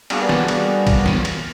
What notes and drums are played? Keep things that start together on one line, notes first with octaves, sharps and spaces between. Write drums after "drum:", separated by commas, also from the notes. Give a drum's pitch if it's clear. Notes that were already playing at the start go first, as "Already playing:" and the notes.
G3 A#3 B3 D4 F#4 G#4, drum: cymbal
drum: snare
drum: cymbal
drum: kick, cymbal
drum: snare
drum: cymbal